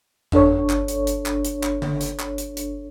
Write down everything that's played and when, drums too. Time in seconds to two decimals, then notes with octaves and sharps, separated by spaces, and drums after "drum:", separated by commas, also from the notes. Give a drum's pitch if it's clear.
0.32 G1 D4 A4 C#5, drum: tom F2
0.70 drum: clap
0.88 drum: hi-hat
1.07 drum: hi-hat
1.26 drum: clap
1.45 drum: hi-hat
1.63 drum: clap
1.82 drum: tom D3
2.01 drum: hi-hat
2.19 drum: clap
2.38 drum: hi-hat
2.57 drum: hi-hat